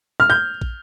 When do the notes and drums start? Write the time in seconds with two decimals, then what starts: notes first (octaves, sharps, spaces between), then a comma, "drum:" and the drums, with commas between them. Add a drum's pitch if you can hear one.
0.20 F6
0.30 G6
0.61 drum: kick